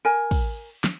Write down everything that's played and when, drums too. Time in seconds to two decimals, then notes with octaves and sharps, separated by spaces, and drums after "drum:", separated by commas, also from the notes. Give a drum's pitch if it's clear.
0.05 A#4 G#5
0.31 drum: kick, cymbal
0.84 drum: snare